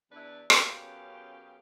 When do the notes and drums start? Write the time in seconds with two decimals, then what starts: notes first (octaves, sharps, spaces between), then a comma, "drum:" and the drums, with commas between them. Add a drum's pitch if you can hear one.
0.12 E2 D4 E4 B4 D5
0.50 F#2 B3 C#4 G4 G#4 F5, drum: rim click